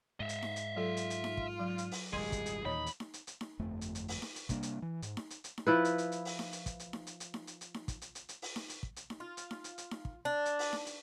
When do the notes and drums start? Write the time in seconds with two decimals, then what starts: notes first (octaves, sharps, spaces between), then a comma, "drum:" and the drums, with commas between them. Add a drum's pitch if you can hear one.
0.20 G#2 D#5 E5
0.29 drum: hi-hat
0.42 drum: snare D#4
0.56 drum: hi-hat
0.76 F#3 F4 A4
0.97 drum: hi-hat
1.10 drum: hi-hat
1.24 drum: snare D#4
1.37 drum: kick
1.60 F#3
1.78 drum: hi-hat
1.92 drum: open hi-hat
2.13 D#1 G#1 G3 G#3 G#4 C6
2.32 drum: kick, hi-hat
2.46 drum: hi-hat
2.65 D#2 A#2 E3 D#4 C#5 B5
2.86 drum: hi-hat
3.00 drum: snare D#4
3.14 drum: hi-hat
3.27 drum: hi-hat
3.41 drum: snare D#4
3.59 G1 F2 A3
3.81 drum: hi-hat
3.95 drum: hi-hat
4.08 drum: open hi-hat
4.22 drum: snare D#4
4.36 drum: hi-hat
4.49 C3 G3 A#3 D4, drum: kick, hi-hat
4.63 drum: hi-hat
4.82 E3
5.02 G#2, drum: hi-hat
5.17 drum: snare D#4
5.30 drum: hi-hat
5.44 drum: hi-hat
5.58 drum: snare D#4
5.67 F3 E4 B4
5.85 drum: hi-hat
5.98 drum: hi-hat
6.12 drum: hi-hat
6.25 drum: open hi-hat
6.39 drum: snare D#4
6.52 drum: hi-hat
6.66 drum: kick, hi-hat
6.80 drum: hi-hat
6.93 drum: snare D#4
7.07 drum: hi-hat
7.20 drum: hi-hat
7.34 drum: snare D#4
7.47 drum: hi-hat
7.61 drum: hi-hat
7.74 drum: snare D#4
7.88 drum: kick, hi-hat
8.02 drum: hi-hat
8.15 drum: hi-hat
8.29 drum: hi-hat
8.42 drum: open hi-hat
8.56 drum: snare D#4
8.69 drum: hi-hat
8.83 drum: kick
8.96 drum: hi-hat
9.10 drum: snare D#4
9.20 F4
9.37 drum: hi-hat
9.51 drum: snare D#4
9.64 drum: hi-hat
9.78 drum: hi-hat
9.91 drum: snare D#4
10.05 drum: kick
10.25 D4
10.45 drum: hi-hat
10.59 drum: open hi-hat
10.73 drum: snare D#4
10.86 drum: hi-hat